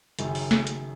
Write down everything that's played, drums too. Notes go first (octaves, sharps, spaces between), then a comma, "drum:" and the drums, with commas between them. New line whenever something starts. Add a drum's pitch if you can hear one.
F#1 F#2 D#3 F#3 G#4, drum: hi-hat
drum: open hi-hat
drum: snare
drum: hi-hat